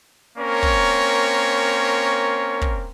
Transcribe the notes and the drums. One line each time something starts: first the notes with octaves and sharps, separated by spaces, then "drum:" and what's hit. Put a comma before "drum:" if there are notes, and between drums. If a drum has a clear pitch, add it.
A#3 C4 C#4 A#4 C#5
drum: kick
drum: kick